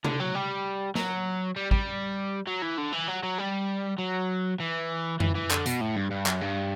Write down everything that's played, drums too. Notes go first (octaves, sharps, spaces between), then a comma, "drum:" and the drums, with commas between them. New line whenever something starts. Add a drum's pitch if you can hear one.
D3, drum: tom C3
F#3
G3
F#3, drum: snare
G3
G3, drum: kick
F#3
E3
D3
E3
F#3
F#3
G3
F#3
E3
E3, drum: tom F2
E3
D3, drum: clap
B2, drum: hi-hat
A2
G2
G2
F#2, drum: clap
G2